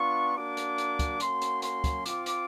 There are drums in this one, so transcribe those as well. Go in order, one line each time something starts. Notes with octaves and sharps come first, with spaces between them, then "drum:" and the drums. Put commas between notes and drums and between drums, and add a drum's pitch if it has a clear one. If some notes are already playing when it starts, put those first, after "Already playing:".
Already playing: B3 D4 F4 C#6
A#3 D4 F#4 D6
drum: hi-hat
drum: hi-hat
drum: kick, hi-hat
A#3 C#4 F#4 C6, drum: hi-hat
drum: hi-hat
C6, drum: hi-hat
drum: kick, hi-hat
C4 F4 D6, drum: hi-hat
drum: hi-hat